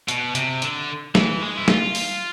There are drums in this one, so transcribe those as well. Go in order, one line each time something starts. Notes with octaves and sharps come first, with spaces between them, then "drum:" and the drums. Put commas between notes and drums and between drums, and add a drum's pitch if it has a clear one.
B2, drum: hi-hat
C3, drum: hi-hat
D3, drum: hi-hat
E3, drum: snare
G#3
E4
F4, drum: snare
drum: open hi-hat